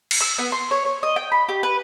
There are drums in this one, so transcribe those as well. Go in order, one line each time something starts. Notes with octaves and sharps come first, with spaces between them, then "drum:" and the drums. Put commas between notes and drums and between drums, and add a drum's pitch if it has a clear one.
drum: cymbal
E6
B3
C6
C#5
C#5
D#5
G5
B5
G4
B4